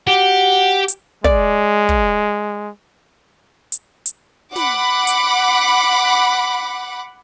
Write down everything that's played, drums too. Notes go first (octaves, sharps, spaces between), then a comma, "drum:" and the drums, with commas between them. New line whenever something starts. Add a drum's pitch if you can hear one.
F#4 G4
drum: hi-hat
G#3 D5, drum: kick
drum: kick
drum: hi-hat
drum: hi-hat
F#5 B5 D6, drum: snare
drum: hi-hat